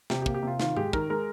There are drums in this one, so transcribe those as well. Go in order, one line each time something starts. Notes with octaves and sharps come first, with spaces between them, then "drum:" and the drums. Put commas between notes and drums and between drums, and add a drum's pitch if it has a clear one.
C3 G4, drum: snare
G4
A#3, drum: kick
G4
C3 F4
D#3 F4, drum: snare
G#3 G4, drum: tom G#2
D#3 A#4, drum: kick
G#3 A#4